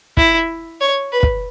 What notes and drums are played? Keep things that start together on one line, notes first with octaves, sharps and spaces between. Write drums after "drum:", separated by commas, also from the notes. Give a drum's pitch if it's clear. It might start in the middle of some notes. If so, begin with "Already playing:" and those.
E4, drum: kick
C#5
B4
drum: kick